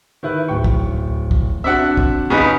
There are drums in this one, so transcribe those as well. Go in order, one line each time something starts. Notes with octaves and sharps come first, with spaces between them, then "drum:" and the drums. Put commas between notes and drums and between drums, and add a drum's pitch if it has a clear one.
D#3 E4 B4
D1 G5 C#6
drum: kick
drum: kick
C4 D4 F#4 E5 F#5
drum: kick
C#3 B3 D#4